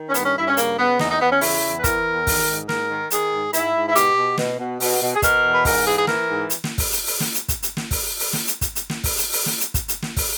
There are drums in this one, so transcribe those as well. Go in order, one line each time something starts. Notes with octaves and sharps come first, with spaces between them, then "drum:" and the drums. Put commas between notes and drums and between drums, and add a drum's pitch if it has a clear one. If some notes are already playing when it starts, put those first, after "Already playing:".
Already playing: D#3
C#4
G2 B3, drum: hi-hat
C#4
G2 E4
C#4
C#3 A#3, drum: hi-hat
C#3 B3
E2 D#4, drum: snare
D#4
E2 B3
C#4
C#3 E4, drum: open hi-hat
E2
B4
E3 A#4, drum: kick, hi-hat
E2
D#3, drum: kick, open hi-hat
G#2
G#2 A#4, drum: snare
D#3
D#3 G#4, drum: hi-hat
G#2
G#2 E4, drum: hi-hat
G#2
E4
B2 G4, drum: hi-hat
B2
B2, drum: snare
B2
B2, drum: open hi-hat
B2
G#4
B2 A#4, drum: kick, hi-hat
E2
B4
G#2 A#4, drum: kick, open hi-hat
E3 G#4
G#4
E3 A#4, drum: snare
G#2
drum: hi-hat
drum: snare
drum: kick, open hi-hat
drum: hi-hat
drum: open hi-hat
drum: snare
drum: hi-hat
drum: kick, hi-hat
drum: hi-hat
drum: snare
drum: kick, open hi-hat
drum: open hi-hat
drum: snare
drum: hi-hat
drum: kick, hi-hat
drum: hi-hat
drum: snare
drum: kick, open hi-hat
drum: hi-hat
drum: open hi-hat
drum: snare
drum: hi-hat
drum: kick, hi-hat
drum: hi-hat
drum: snare
drum: kick, open hi-hat